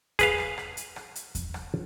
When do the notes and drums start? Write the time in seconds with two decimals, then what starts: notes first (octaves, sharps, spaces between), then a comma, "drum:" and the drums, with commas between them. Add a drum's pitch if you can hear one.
0.19 G#4 B4 F5, drum: kick E2, hi-hat
0.38 drum: rim click
0.58 drum: rim click
0.77 drum: hi-hat
0.96 drum: rim click
1.15 drum: hi-hat
1.35 drum: kick E2, hi-hat
1.54 drum: rim click